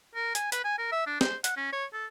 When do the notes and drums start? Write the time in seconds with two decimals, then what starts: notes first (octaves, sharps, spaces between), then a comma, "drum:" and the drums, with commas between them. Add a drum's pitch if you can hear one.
0.15 A#4
0.35 G#5, drum: hi-hat
0.52 B4, drum: hi-hat
0.65 G#5
0.78 A#4
0.92 E5
1.07 D4
1.21 C5, drum: snare
1.44 F#5, drum: hi-hat
1.57 C#4
1.73 C#5
1.93 A4